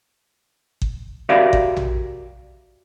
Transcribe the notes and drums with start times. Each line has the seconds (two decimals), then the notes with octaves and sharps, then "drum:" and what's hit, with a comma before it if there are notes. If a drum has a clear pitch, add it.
0.82 drum: kick G1
1.29 F#4 G4 A#4 D5 E5 F5
1.53 drum: kick G1
1.77 drum: tom A#1